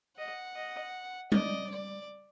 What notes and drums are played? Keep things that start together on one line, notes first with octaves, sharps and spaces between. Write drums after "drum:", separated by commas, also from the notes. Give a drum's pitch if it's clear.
D#5 F#5
D#5
D5 D#5, drum: tom G3
D5